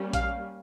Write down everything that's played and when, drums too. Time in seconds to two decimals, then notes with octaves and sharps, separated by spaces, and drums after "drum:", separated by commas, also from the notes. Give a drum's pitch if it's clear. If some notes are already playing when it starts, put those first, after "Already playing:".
Already playing: G3 A#3 C#4
0.13 F5, drum: kick A#1, hi-hat